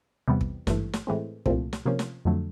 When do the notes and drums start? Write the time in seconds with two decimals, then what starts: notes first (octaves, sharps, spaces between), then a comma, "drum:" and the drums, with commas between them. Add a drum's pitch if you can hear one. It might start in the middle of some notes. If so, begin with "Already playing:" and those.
0.28 E2 C3 E3 G3 B3
0.41 drum: kick
0.67 G#1 G2 E3 A3, drum: snare
0.93 drum: snare
1.07 A2 E3 G#3 C4
1.46 C2 A#2 F3 A3 C4, drum: kick
1.73 drum: snare
1.86 C3 F3 A#3 C#4
1.99 drum: snare
2.25 F2 D3 F#3 A3